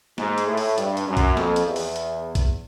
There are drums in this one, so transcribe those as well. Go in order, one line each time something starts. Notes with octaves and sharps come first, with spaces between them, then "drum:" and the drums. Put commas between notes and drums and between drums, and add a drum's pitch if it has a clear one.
G#2, drum: snare
drum: hi-hat
A2
drum: open hi-hat
G2, drum: hi-hat
drum: hi-hat
F#2
drum: kick B1, hi-hat
F2, drum: snare
drum: hi-hat
E2
drum: open hi-hat
drum: hi-hat
drum: kick B1, hi-hat